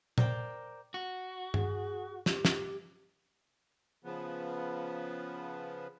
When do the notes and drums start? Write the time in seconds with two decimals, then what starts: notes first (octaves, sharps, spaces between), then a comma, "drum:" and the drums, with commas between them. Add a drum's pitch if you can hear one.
0.18 A#4 C5 D5 G5, drum: tom
0.94 F#4
1.54 G#4, drum: tom G2
2.26 G4, drum: snare
2.45 drum: snare
4.04 C#3 F3 B3